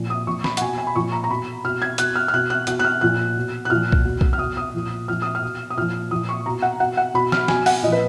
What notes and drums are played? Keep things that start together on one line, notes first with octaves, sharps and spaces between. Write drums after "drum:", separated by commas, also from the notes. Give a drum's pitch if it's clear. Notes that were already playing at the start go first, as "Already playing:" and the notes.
Already playing: A#2 F3
D#6
A#2 F3 C#6
B5, drum: snare
F#5, drum: hi-hat
B2 G#5
G#5
B5
A#2 F3 C#6
A#5
A#5
B2 B5
B2 F6
G#6
B2 F#6, drum: hi-hat
F6
F6
B2 F#6
F#6
B2 F#6, drum: hi-hat
F#6
F6
A#2 F3 F#6
B2
F#6
A#2 F3 F6
drum: kick B1
B2
drum: kick B1
F6
B2 D#6
D#6
A#2 F3
A#2 F3 F6
D#6
F6
B2
D#6
A#2 F3 F6
A#2 F3 D#6
C#6
B2 A#5
F#5
B2 F#5
F#5
B2 B5
F6, drum: snare
B2 G#5, drum: snare
F#5, drum: open hi-hat
A#2 F3 D#5
B4